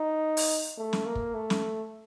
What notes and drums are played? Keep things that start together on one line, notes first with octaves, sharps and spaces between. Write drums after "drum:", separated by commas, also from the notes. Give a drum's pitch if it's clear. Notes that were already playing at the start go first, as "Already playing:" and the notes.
Already playing: D#4
drum: open hi-hat
A3
drum: snare
A#3
drum: kick
A3
drum: snare